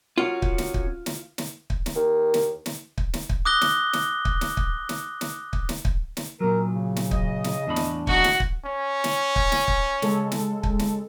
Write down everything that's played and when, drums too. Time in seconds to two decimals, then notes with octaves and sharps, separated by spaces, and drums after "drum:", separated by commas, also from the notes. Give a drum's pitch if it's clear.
0.18 C#4 F4 F#4
0.42 drum: kick
0.58 drum: snare
0.74 drum: kick
1.06 drum: snare
1.38 drum: snare
1.70 drum: kick
1.86 drum: snare
1.95 D#2
2.34 drum: snare
2.66 drum: snare
2.98 drum: kick
3.14 drum: snare
3.29 drum: kick
3.45 D6 D#6 F#6 A#6 G7
3.61 drum: snare
3.93 drum: snare
4.25 drum: kick
4.41 drum: snare
4.57 drum: kick
4.89 drum: snare
5.21 drum: snare
5.53 drum: kick
5.69 drum: snare
5.85 drum: kick
6.17 drum: snare
6.40 A#2 F#3 A#4
6.72 C#3
6.96 drum: snare
7.11 D#5, drum: kick
7.44 drum: snare
7.67 E2 A2 D4 B5
7.76 drum: snare
8.07 D#4 F#4 G#4 D#5 C#6, drum: kick
8.24 drum: snare
8.40 drum: kick
8.65 C#4
9.04 drum: snare
9.36 drum: kick
9.52 drum: snare
9.68 drum: kick
10.02 C#3 G#3 A4, drum: snare
10.32 drum: snare
10.63 drum: kick
10.79 drum: snare